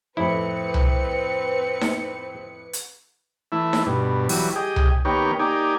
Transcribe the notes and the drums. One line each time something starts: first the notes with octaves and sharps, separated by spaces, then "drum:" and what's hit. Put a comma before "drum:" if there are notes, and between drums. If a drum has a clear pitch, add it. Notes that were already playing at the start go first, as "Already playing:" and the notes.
F2 A2 A3 C4 E4 B4 C#7
drum: tom C2
drum: snare D#4
drum: hi-hat
E3 A3 E4
drum: snare D#4
G2 B2
E3 F#3 G3, drum: open hi-hat
G4 G#4 D#5
drum: tom C2
D#3 A#3 B3 G4 C#5
A#3 D#4 G4 D5 G#5